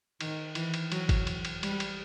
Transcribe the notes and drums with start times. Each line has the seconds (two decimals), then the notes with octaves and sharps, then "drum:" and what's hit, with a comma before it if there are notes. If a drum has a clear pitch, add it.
0.21 D#3, drum: cymbal
0.55 E3, drum: cymbal
0.74 drum: cymbal
0.92 F#3, drum: cymbal
1.09 drum: kick G#1, cymbal
1.27 drum: cymbal
1.45 drum: cymbal
1.63 G3, drum: cymbal
1.80 drum: cymbal